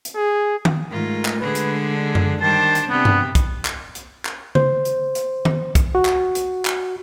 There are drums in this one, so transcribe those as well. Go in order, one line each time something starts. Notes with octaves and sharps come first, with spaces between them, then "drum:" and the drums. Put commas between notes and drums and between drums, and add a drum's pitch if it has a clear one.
drum: hi-hat
G#4
drum: tom D#3
G#2 A3 F4 A#4
drum: clap
D3 G#3 G#4 B4
drum: hi-hat
D4
drum: tom F#2
D#3 G3 D4 C5 A5
drum: hi-hat
C3 B3 C4 D4 G4
drum: tom G2
drum: kick B1, hi-hat
drum: clap
drum: hi-hat
drum: clap
C5, drum: tom C#3
drum: hi-hat
drum: hi-hat
drum: tom D#3
drum: kick B1, hi-hat
F#4
drum: clap
drum: hi-hat
drum: clap